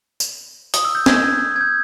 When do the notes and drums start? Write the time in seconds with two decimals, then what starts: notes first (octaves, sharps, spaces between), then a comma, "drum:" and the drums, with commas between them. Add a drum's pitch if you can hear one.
0.20 drum: tambourine
0.74 D#6, drum: hi-hat
0.85 E6
0.95 G6
1.06 G#6, drum: snare
1.56 G#6
1.61 G6